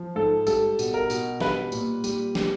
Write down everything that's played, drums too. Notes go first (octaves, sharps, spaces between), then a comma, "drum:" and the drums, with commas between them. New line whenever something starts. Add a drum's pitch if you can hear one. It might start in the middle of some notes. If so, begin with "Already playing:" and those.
Already playing: F3
G#2 A4
G3 A4, drum: tambourine
B2, drum: tambourine
A#4
B2, drum: tambourine
G3 B4, drum: snare
A#2, drum: tambourine
G3, drum: tambourine
G3, drum: snare